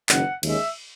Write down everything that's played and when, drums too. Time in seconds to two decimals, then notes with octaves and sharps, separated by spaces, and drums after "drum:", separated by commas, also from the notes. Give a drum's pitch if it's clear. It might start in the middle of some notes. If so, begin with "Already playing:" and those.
0.09 F#1 F#2 D#3 G#3 F#5, drum: clap
0.43 D#2 D#3 G#3 C#4 E5, drum: cymbal